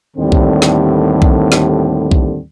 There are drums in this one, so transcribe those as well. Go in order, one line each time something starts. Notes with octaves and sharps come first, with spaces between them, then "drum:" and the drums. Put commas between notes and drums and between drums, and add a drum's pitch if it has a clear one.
D#2 A2 D3 G3 C4
drum: kick B1
drum: snare
drum: kick B1
drum: snare
drum: kick B1